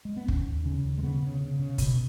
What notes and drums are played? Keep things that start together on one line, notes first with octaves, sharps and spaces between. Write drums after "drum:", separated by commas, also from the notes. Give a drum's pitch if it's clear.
G#3
B3
D#2 C#4, drum: kick
D#2
C#3 C#4
D#2
G#3
C#3 B3
C#3
C#3
C#3
B2, drum: kick, hi-hat